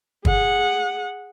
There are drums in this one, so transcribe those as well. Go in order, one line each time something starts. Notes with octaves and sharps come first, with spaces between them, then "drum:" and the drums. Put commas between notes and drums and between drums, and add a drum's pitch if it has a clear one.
G#4 F#5, drum: kick